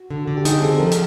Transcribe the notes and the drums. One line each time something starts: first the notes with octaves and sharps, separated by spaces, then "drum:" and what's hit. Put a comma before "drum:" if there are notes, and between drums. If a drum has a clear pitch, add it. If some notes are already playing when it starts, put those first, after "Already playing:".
Already playing: F#4
D3
D3
G4
D#4 G#4, drum: hi-hat
G#4
C4 A4
A4
F3 A#4
drum: hi-hat